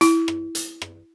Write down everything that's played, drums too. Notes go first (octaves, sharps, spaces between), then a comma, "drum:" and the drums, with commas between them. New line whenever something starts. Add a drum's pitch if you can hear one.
E4, drum: hi-hat
drum: rim click
drum: hi-hat
drum: rim click